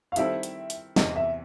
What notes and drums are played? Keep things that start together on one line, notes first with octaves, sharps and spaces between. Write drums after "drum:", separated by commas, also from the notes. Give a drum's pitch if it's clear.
F5
D#3 G3 C4 E4 A4 E5, drum: hi-hat
drum: hi-hat
drum: hi-hat
E2 C3 E3 D#5, drum: snare
E5